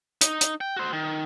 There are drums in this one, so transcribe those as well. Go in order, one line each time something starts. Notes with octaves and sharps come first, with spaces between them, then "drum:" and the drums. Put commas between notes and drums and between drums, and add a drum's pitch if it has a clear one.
D#4, drum: hi-hat
drum: hi-hat
G5
F#4 C5
D#3